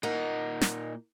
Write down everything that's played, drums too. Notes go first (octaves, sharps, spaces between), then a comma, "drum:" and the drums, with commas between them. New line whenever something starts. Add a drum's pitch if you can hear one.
A#2 A#3 D#4 D#5 F#5
drum: snare